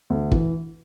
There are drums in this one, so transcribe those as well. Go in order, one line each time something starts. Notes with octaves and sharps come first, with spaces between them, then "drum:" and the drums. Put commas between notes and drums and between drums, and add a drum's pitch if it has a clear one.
D2
E3, drum: kick